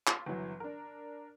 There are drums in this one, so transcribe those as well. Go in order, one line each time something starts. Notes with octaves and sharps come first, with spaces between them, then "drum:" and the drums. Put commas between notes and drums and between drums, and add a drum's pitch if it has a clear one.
F4, drum: clap
G1 E3 F#3
D4 A#4